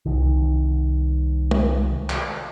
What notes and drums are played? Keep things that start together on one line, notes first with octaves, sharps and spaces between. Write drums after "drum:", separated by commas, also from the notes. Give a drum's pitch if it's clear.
C2 D#3
drum: tom
drum: clap